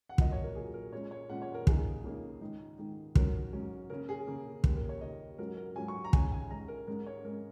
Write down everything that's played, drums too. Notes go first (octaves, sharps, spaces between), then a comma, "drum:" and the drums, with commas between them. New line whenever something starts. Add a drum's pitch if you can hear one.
F#5
A#2 F#3 A#3 D#5, drum: kick
C#5
A#4
A#2 F#3 A#3 G#4
A#4
A#2 G#3 C#4 C#5
C#5
A#2 G#3 C#4 F#5
C#5
A#4
C#2 C#3 A#3 D#4 G#4, drum: kick
C#2 C#3 A#3 D#4
G#2 D#3 G#3 D#4
G#2 D#3 G#3 D#4
G#2 F#3 C#4 A#4, drum: kick
G#2 F#3 C#4
C#3 A#3 C#4 A#4
G#4
C#3 A#3 C#4
D#2 C#3 A#3 A#4, drum: kick
A#4
C#5
D#2 C#3 A#3 D#5
G#2 F#3 C#4 A#4
A#4
G#2 F#3 C#4 G#5
C#6
A#5
G#2 G#3 C#4 G#5, drum: kick
G#5
G#2 G#3 C#4 A#5
A#4
G#2 G#3 C#4 A#4
C#5
G#2 G#3 C#4 A#4